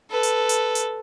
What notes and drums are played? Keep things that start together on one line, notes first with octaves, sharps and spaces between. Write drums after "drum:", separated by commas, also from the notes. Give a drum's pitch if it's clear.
A4 B4
drum: hi-hat
drum: hi-hat
drum: hi-hat